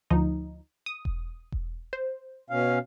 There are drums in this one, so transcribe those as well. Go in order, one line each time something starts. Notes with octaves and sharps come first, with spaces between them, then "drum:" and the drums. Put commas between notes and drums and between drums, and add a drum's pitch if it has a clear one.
D2 F3 D#4
D#6
drum: kick E1
drum: kick E1
C5
B2 C#4 F5